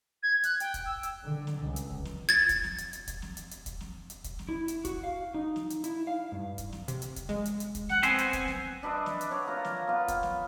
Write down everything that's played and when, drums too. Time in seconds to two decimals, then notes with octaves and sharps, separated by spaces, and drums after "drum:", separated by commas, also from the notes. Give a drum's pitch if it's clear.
0.22 G#6
0.44 F#6, drum: hi-hat
0.60 G5, drum: hi-hat
0.74 drum: kick, hi-hat
0.85 E6
1.03 drum: hi-hat
1.24 D3
1.47 drum: snare
1.61 C#2
1.76 drum: hi-hat
1.91 drum: kick
2.05 drum: snare
2.29 G#6 A6
2.49 drum: kick, hi-hat
2.64 drum: snare
2.78 drum: hi-hat
2.93 drum: hi-hat
3.08 drum: kick, hi-hat
3.22 drum: snare
3.37 drum: hi-hat
3.51 drum: hi-hat
3.66 drum: kick, hi-hat
3.81 drum: snare
4.10 drum: hi-hat
4.24 drum: kick, hi-hat
4.39 drum: snare
4.49 E4
4.68 drum: hi-hat
4.85 F#4, drum: kick, hi-hat
5.03 F5
5.34 D#4
5.56 drum: snare
5.70 drum: hi-hat
5.84 E4, drum: hi-hat
6.07 F5
6.32 G2
6.58 drum: kick, hi-hat
6.73 drum: snare
6.88 C3, drum: hi-hat
7.02 drum: hi-hat
7.16 drum: kick, hi-hat
7.29 G#3, drum: snare
7.46 drum: hi-hat
7.60 drum: hi-hat
7.75 drum: kick, hi-hat
7.89 F#5 C#7, drum: snare
8.03 B3 C4 C5 G#5 C7, drum: hi-hat
8.18 drum: hi-hat
8.33 drum: kick, hi-hat
8.48 drum: snare
8.83 D4 B4 D#5 E5
9.06 drum: snare
9.21 drum: hi-hat
9.31 C#5 F#5 D6
9.47 A#3 F4 A#5
9.64 drum: snare
9.87 B3 F4 B4
10.08 drum: kick, hi-hat
10.23 drum: snare